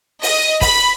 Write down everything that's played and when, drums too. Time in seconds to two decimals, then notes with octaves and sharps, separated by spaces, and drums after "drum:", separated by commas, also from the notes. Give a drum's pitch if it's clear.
0.23 D#5, drum: open hi-hat
0.61 B5, drum: kick, open hi-hat